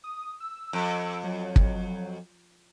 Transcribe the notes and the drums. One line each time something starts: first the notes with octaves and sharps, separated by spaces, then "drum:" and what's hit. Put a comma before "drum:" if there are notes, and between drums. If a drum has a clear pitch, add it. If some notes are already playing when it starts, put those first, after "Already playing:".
D#6
E6
F2
F#3
drum: kick